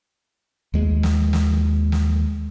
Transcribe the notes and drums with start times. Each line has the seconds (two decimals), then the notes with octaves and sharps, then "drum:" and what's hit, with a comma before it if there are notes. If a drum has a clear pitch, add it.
0.74 D#2 G#3
1.03 drum: snare
1.33 drum: snare
1.92 drum: snare